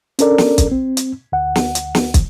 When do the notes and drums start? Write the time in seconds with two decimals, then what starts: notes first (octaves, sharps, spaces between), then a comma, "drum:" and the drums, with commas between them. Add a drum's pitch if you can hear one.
0.19 C#4 D4 A4 A#4 D5, drum: hi-hat
0.38 drum: snare
0.58 drum: kick, hi-hat
0.71 C4
0.97 drum: hi-hat
1.32 D2 F#5
1.55 drum: snare
1.75 drum: hi-hat
1.95 drum: snare
2.14 drum: kick, hi-hat